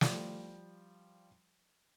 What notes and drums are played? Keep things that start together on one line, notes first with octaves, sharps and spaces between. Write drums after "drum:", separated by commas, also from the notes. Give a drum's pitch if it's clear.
F3 G3, drum: snare